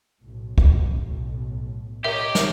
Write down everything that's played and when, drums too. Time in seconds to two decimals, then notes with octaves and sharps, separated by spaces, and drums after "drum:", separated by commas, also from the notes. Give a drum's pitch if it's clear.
0.22 B1 A2
0.58 drum: kick
2.04 G4 A#4 C#5 D#5 E5 A#5
2.35 drum: snare